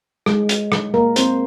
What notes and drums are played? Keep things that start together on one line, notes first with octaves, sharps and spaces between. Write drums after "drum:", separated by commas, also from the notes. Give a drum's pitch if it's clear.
G#3 G#4, drum: rim click
drum: hi-hat
drum: rim click
A#3 A#4
C4 C5, drum: hi-hat